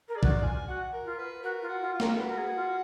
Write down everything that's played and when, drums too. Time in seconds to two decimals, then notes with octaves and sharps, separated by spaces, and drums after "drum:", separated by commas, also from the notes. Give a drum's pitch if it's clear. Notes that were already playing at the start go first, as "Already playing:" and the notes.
0.08 A#4
0.15 G#4 D5
0.23 F#4, drum: kick
0.30 F4
0.43 G#5
0.68 F#4 F#5
0.93 A#4
1.05 F4
1.18 B4
1.43 F#4 A#4
1.62 F4
1.68 F#4
1.81 F4
1.94 F4
2.00 A#4, drum: snare
2.18 F#4 B4
2.29 A#4
2.38 G#4
2.56 F4